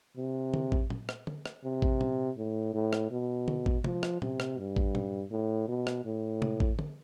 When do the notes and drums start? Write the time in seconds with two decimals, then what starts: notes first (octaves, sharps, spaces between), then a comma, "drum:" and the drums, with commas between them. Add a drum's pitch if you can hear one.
0.17 C3
0.54 drum: tom D3
0.72 drum: kick A1
0.90 drum: tom A#2
1.09 drum: rim click
1.27 drum: tom D3
1.46 drum: rim click
1.64 C3
1.82 drum: kick A1
2.01 drum: tom A#2
2.38 A2
2.74 A2
2.93 drum: rim click
3.11 B2
3.48 drum: tom D3
3.66 drum: kick A1
3.84 F3, drum: tom C3
4.03 drum: rim click
4.22 C3, drum: tom A#2
4.40 drum: rim click
4.58 G2
4.76 drum: kick A1
4.95 drum: tom A#2
5.31 A2
5.68 B2
5.87 drum: rim click
6.05 A2
6.42 drum: tom C3
6.60 drum: kick A1
6.79 drum: tom D3